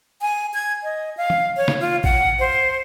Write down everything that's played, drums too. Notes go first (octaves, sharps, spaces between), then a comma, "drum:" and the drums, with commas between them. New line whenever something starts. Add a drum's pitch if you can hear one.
G#5
G#6
D#5
F5
drum: tom E3
C#5
drum: snare
F4
F#5, drum: kick A1
C5